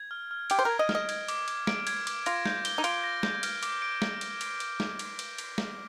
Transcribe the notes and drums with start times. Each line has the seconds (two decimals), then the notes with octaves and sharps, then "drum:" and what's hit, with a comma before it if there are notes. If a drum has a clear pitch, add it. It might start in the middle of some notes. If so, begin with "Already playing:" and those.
Already playing: G#6
0.11 F6
0.31 F6
0.50 G4 D7, drum: cymbal
0.59 C5
0.65 A#4 G#6
0.79 D#5
0.89 F6, drum: snare
0.95 D#5
1.09 G#6, drum: cymbal
1.28 D6, drum: cymbal
1.48 D6, drum: cymbal
1.67 D7, drum: snare
1.87 G#6, drum: cymbal
2.07 D6, drum: cymbal
2.26 F4 A#6, drum: cymbal
2.46 G6, drum: snare
2.65 G7, drum: cymbal
2.78 D#4
2.84 F4 D7, drum: cymbal
3.04 A#6
3.23 G6, drum: snare
3.43 F6, drum: cymbal
3.63 D6, drum: cymbal
3.82 D7
4.02 drum: snare
4.21 drum: cymbal
4.41 drum: cymbal
4.60 drum: cymbal
4.80 drum: snare
4.99 drum: cymbal
5.19 drum: cymbal
5.38 drum: cymbal
5.58 drum: snare